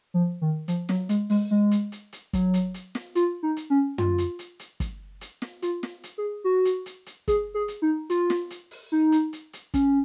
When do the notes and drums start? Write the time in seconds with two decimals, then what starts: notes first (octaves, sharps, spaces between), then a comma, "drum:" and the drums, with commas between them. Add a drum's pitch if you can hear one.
0.14 F3
0.41 D#3
0.68 F3, drum: hi-hat
0.89 F#3, drum: snare
1.09 G#3, drum: hi-hat
1.30 G#3, drum: open hi-hat
1.51 G#3
1.71 drum: hi-hat
1.92 drum: hi-hat
2.13 drum: hi-hat
2.33 F#3, drum: kick, hi-hat
2.54 drum: hi-hat
2.74 drum: hi-hat
2.95 drum: snare
3.15 F4, drum: hi-hat
3.43 D#4
3.57 drum: hi-hat
3.70 C#4
3.98 F4, drum: tom
4.18 drum: hi-hat
4.39 drum: hi-hat
4.59 drum: hi-hat
4.80 drum: kick, hi-hat
5.21 drum: hi-hat
5.42 drum: snare
5.62 F4, drum: hi-hat
5.83 drum: snare
6.04 drum: hi-hat
6.18 G#4
6.44 F#4
6.65 drum: hi-hat
6.86 drum: hi-hat
7.06 drum: hi-hat
7.28 G#4, drum: kick, hi-hat
7.54 G#4
7.68 drum: hi-hat
7.82 D#4
8.10 F4, drum: hi-hat
8.30 drum: snare
8.50 drum: hi-hat
8.71 drum: open hi-hat
8.92 D#4
9.12 drum: hi-hat
9.33 drum: hi-hat
9.53 drum: hi-hat
9.74 C#4, drum: kick, hi-hat